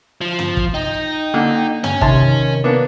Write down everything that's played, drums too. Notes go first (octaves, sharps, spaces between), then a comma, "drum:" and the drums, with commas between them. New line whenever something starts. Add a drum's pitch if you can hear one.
F3
drum: tom
drum: kick
D#4 G5
D3 A#3
C#4, drum: tom
C3 D#3 A5 C6, drum: kick
A#3 B3 D4